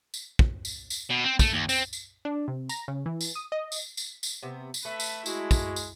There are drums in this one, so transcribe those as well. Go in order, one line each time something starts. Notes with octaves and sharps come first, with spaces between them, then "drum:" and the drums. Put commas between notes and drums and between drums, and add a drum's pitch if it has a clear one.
drum: tambourine
drum: kick
drum: tambourine
drum: tambourine
B2
C4
A3, drum: kick, tambourine
D#2
C4, drum: tambourine
drum: tambourine
D4
C3
A#5, drum: tambourine
C#3
E3
drum: tambourine
D#6
D#5
drum: tambourine
drum: tambourine
drum: tambourine
C3 B3
drum: tambourine
A3 B4 E5
drum: tambourine
G#3 E4 F#4, drum: tambourine
drum: kick, tambourine
drum: tambourine